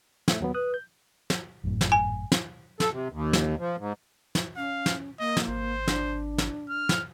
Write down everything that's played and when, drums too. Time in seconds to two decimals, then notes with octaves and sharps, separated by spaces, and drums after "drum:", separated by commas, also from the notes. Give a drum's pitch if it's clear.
0.28 A3 E5, drum: snare
0.41 D#2 F#3 B3
0.54 B4 D#6 F#6
0.74 G6
1.30 drum: snare
1.64 G#1 F#2 A2
1.81 drum: snare
1.92 G#5
2.32 drum: snare
2.80 A4, drum: snare
2.93 C3
3.12 D#2
3.33 drum: snare
3.59 F3
3.79 G#2
4.35 drum: snare
4.57 C#4 F5
4.86 drum: snare
5.19 A#3 D#5
5.37 drum: snare
5.48 G#1 C5
5.88 D4, drum: snare
6.38 drum: snare
6.69 F6
6.89 drum: snare